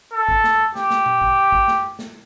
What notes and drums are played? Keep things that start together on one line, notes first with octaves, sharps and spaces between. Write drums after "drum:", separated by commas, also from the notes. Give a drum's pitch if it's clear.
A4
drum: kick
drum: snare
G4, drum: snare
drum: snare
drum: tom A#2
drum: kick
drum: kick
drum: snare
drum: snare